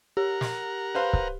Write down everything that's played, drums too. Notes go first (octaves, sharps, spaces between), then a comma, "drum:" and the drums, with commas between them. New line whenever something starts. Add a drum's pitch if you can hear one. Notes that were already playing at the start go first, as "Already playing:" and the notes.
G4 A#4 F#5 A#5
drum: snare
B4 C5 F5
drum: kick C#1